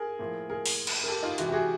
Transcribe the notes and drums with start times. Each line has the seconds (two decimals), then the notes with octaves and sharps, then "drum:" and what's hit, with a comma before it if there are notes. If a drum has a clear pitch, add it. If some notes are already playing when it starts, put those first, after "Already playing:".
Already playing: G#4 A#4
0.19 A2 F3 A#3
0.50 G#4 A#4
0.66 drum: open hi-hat
0.87 drum: cymbal
1.04 A#4
1.08 G4 A4
1.23 D#4 F4
1.38 C3 E3 G#3 E4 F#4, drum: hi-hat
1.49 G4
1.52 F#4 G#4